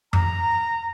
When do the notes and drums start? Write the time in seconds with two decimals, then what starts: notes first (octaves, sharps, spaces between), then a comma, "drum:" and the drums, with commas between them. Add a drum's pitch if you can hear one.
0.13 A#5, drum: tom F2